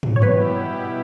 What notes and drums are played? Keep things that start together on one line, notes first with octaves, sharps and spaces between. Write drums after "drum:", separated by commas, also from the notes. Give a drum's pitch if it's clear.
drum: tom
C#5
B2 G3 B3 E4 G4 B4, drum: tom